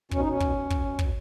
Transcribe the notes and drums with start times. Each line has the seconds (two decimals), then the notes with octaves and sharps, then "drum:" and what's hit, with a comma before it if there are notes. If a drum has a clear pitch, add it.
0.11 B2 C#4, drum: kick
0.20 D#4
0.26 B2 C#4
0.40 B2, drum: kick
0.56 B2
0.70 B2, drum: kick
0.85 B2
0.99 B2, drum: kick